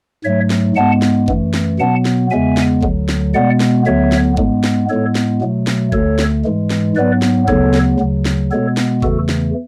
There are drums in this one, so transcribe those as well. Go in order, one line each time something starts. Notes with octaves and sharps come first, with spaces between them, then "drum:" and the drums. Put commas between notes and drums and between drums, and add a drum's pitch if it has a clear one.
G#2 F#3 A3 C#5 E5
drum: snare
G#2 G#3 B3 F#5 A5
drum: snare
F#2 E3 A3, drum: kick
drum: snare
B2 F#3 B3 F#5 A5
drum: snare
E2 C#3 G#3 B3 E5 G#5
drum: snare
D2 D3 F#3, drum: kick
drum: snare
B2 G#3 B3 D5 F#5
drum: snare
D2 D3 F#3 B3 C#5 E5
drum: snare
G#2 G#3 B3, drum: kick
drum: snare
A2 G#3 B3 A4 C#5
drum: snare
B2 F#3 A3
drum: snare
D2 D3 A3 A4 C#5, drum: kick
drum: snare
G#2 E3 G#3
drum: snare
G#2 F#3 B3 B4 D5
drum: snare
D2 C#3 F#3 B3 A4 C#5, drum: kick
drum: snare
D2 C#3 F#3
drum: snare
B2 G#3 B3 A4 C#5
drum: snare
E2 C#3 E3 A3 F#4 A4, drum: kick
drum: snare